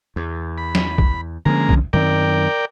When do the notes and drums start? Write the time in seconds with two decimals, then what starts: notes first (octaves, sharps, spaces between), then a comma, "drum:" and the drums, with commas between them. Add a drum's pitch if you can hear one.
0.16 E2
0.58 B5
0.75 drum: snare
0.98 drum: kick
1.45 D3 F3 G#3 A#3 C#4 A#5
1.69 drum: kick
1.93 F#2 D#3 C4 A#4 D5 G5